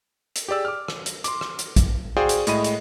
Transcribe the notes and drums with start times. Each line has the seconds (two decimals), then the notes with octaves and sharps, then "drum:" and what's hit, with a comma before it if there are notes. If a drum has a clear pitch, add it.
0.36 drum: hi-hat
0.48 G4 G#4 D5 E6
0.65 D6 F6
0.88 drum: rim click
1.06 drum: hi-hat
1.24 C6 D6, drum: hi-hat
1.41 drum: rim click
1.59 drum: hi-hat
1.76 drum: kick A1, hi-hat
2.17 F#4 G#4 C5 D5 F5 G5
2.29 drum: hi-hat
2.47 A2 G#3 D#5 B5 D#7, drum: hi-hat
2.64 drum: hi-hat